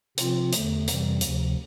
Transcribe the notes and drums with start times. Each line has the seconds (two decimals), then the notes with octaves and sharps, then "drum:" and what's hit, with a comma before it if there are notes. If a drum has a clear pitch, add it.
0.18 C3 F3 C4 F4, drum: hi-hat
0.52 E2 D3 A3, drum: hi-hat
0.88 F2 C3 E3 G3, drum: hi-hat
1.21 D2 C3 F3, drum: hi-hat